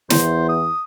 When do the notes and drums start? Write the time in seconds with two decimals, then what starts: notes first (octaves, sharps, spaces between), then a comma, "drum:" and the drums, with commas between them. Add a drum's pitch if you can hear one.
0.10 E2 E3 C5, drum: snare
0.49 D#6